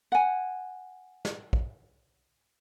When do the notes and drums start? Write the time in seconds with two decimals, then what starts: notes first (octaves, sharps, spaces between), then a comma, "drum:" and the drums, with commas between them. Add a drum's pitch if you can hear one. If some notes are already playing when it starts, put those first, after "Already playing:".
0.12 F#5 G#5
1.25 drum: snare
1.53 drum: kick